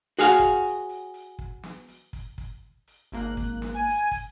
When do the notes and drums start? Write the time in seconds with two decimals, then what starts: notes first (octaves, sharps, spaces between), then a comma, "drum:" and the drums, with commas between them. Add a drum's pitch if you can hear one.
0.19 F#4 G#4 C#5 F5 F#5
0.39 drum: kick, hi-hat
0.64 drum: hi-hat
0.89 drum: hi-hat
1.14 drum: hi-hat
1.39 drum: kick
1.63 drum: snare
1.88 drum: hi-hat
2.13 drum: kick, hi-hat
2.38 drum: kick, hi-hat
2.87 drum: hi-hat
3.12 G#1 A#3 F#6, drum: hi-hat
3.37 drum: kick, hi-hat
3.62 drum: snare
3.74 G#5
3.87 drum: hi-hat
4.11 drum: kick, hi-hat